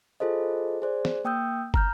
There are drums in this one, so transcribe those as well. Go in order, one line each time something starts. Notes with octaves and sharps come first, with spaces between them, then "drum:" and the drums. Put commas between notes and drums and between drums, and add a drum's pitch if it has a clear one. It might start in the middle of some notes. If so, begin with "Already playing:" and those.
F4 G#4 A4 C5 D#5
G#4 C5 D5
drum: snare
A#3 G5 D#6 E6 G6
A#5 F6 G6, drum: kick